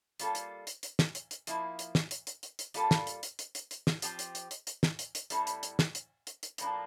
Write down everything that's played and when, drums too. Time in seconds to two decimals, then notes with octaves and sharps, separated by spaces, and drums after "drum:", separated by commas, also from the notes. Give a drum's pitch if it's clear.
0.20 G3 A#3 F4 A4, drum: hi-hat
0.35 drum: hi-hat
0.67 drum: hi-hat
0.83 drum: hi-hat
0.99 drum: snare
1.15 drum: hi-hat
1.31 drum: hi-hat
1.47 F3 A#3 E4, drum: hi-hat
1.79 drum: hi-hat
1.95 drum: snare
2.11 drum: hi-hat
2.27 drum: hi-hat
2.43 drum: hi-hat
2.59 drum: hi-hat
2.74 G3 A#3 F4 A4, drum: hi-hat
2.91 drum: snare
3.07 drum: hi-hat
3.23 drum: hi-hat
3.39 drum: hi-hat
3.55 drum: hi-hat
3.71 drum: hi-hat
3.87 drum: snare
4.02 F3 C4 G4, drum: hi-hat
4.19 drum: hi-hat
4.35 drum: hi-hat
4.51 drum: hi-hat
4.67 drum: hi-hat
4.83 drum: snare
4.99 drum: hi-hat
5.15 drum: hi-hat
5.30 A2 G3 C4 E4 A4, drum: hi-hat
5.47 drum: hi-hat
5.63 drum: hi-hat
5.79 drum: snare
5.95 drum: hi-hat
6.27 drum: hi-hat
6.43 drum: hi-hat
6.58 A2 F3 A#3 D4, drum: hi-hat